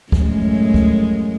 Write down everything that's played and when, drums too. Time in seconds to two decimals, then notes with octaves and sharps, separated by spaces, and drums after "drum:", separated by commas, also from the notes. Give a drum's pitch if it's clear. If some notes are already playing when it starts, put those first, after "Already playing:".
0.12 F#2 A2 G#3, drum: kick
0.74 drum: kick